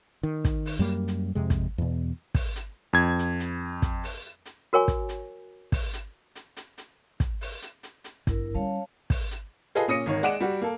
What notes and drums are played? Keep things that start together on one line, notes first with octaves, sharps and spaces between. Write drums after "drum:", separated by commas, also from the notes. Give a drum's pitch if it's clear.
D#3
drum: kick, hi-hat
drum: open hi-hat
F#2 G3 A#3
drum: hi-hat
F2 C3 G#3
drum: kick, hi-hat
E2 B2
drum: kick, open hi-hat
drum: hi-hat
F2 G#6
drum: hi-hat
drum: hi-hat
drum: kick, hi-hat
drum: open hi-hat
drum: hi-hat
F#4 A#4 C#5 G#5 C#6
drum: kick, hi-hat
drum: hi-hat
drum: kick, open hi-hat
drum: hi-hat
drum: hi-hat
drum: hi-hat
drum: hi-hat
drum: kick, hi-hat
drum: open hi-hat
drum: hi-hat
drum: hi-hat
drum: hi-hat
G1 E4 A#4, drum: kick, hi-hat
G3 C#4 C#5 F5 A5
drum: kick, open hi-hat
drum: hi-hat
F4 G#4 A4 B4 D#5, drum: hi-hat
A#2 C#4 D#6 A#6 C#7 D#7
G#1 D#3 C#5
G#3 D5 F#5 D7 E7
G3 F#4
A#3 A4